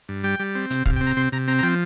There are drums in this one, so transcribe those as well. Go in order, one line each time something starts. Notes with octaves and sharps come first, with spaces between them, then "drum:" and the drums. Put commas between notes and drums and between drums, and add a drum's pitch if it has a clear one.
G2
G3 G5
G3
C4
C3, drum: hi-hat
C3 F5, drum: kick
G5
C4
A#5
C3 C6
C3 A#5
C4 A#5
A#5
F3 G5